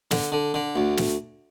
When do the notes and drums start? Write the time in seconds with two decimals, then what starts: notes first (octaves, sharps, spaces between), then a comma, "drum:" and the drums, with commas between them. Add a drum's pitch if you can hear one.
0.11 D3, drum: snare
0.32 D3
0.54 D3
0.76 D2
0.97 drum: snare